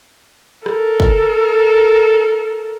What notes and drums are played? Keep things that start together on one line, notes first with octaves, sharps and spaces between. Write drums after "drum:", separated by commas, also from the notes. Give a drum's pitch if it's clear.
A4 A#4, drum: rim click
drum: kick